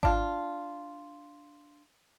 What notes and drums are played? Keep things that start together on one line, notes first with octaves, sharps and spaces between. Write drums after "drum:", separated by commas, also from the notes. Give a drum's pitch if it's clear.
D4 F4, drum: kick G#1